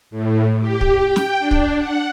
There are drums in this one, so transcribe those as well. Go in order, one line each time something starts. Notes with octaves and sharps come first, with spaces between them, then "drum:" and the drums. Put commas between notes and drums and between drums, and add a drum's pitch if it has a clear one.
A2
G4
drum: kick
G5
drum: snare
D4
drum: kick
F#5